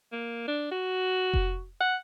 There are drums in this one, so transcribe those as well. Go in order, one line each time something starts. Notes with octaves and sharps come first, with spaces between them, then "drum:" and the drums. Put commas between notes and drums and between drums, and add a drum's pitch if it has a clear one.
A#3
D4
F#4
drum: kick F1
F#5